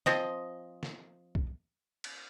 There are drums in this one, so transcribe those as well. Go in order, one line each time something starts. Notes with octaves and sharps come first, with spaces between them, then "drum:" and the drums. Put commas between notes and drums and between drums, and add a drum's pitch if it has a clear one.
F3 C4 D#5, drum: snare
drum: snare
drum: kick
drum: cymbal